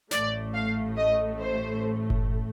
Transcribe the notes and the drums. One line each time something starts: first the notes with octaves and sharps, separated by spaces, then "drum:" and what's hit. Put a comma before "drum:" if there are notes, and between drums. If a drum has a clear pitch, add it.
A1 A2 A3 D5, drum: snare
F5
D#5
C5
drum: kick F#1